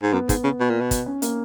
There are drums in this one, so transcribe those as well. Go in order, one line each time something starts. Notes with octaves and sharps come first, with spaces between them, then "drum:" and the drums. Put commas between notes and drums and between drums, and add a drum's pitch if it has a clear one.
G#2
F#2 B3
G#2, drum: kick, hi-hat
C#3
B2
A#2
B2
drum: kick, hi-hat
C#4
A#3, drum: hi-hat